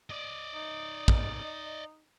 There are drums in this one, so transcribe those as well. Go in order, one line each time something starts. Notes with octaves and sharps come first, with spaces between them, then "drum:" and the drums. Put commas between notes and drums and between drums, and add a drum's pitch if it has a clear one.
D5 D#5
D#4
drum: kick